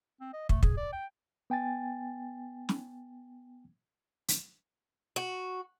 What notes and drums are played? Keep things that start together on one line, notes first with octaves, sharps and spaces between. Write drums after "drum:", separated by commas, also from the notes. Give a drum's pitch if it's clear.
C4
D#5
A3, drum: kick
G#4, drum: kick
D5
G5
B3 G5 G#5 A6
drum: snare
drum: hi-hat
F#4